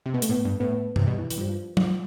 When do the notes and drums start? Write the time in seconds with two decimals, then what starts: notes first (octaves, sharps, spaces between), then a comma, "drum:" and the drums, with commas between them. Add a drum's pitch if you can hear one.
0.06 C3
0.14 B2 B3
0.22 A3, drum: hi-hat
0.29 A2 B3
0.45 G2
0.60 A2 B3
0.96 C3, drum: tom G2
1.07 B2 G3
1.18 E3
1.31 E3, drum: hi-hat
1.38 G2 F3
1.54 F3
1.77 F3, drum: tom F#3